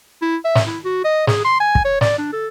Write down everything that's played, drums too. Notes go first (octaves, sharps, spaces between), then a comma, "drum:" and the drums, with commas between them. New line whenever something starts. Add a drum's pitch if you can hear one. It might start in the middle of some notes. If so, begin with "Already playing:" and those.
E4
E5
drum: snare
E4
F#4
D#5
G#4, drum: snare
C6
G#5
drum: kick
C#5
D5, drum: snare
D4
A4